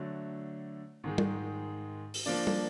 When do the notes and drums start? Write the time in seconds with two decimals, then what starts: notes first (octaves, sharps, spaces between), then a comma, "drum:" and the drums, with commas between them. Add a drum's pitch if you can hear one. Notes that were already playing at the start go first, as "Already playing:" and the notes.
Already playing: D3 F#3 A3
1.04 G#2 D#3 G#3
1.18 drum: tom
2.14 drum: open hi-hat
2.26 F3 A#3 D4
2.47 drum: tom